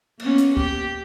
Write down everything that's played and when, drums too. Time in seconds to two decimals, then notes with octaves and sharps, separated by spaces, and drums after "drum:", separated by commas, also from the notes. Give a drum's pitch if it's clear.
0.20 A#3 B3 C#4, drum: cymbal
0.38 drum: hi-hat
0.57 G4, drum: kick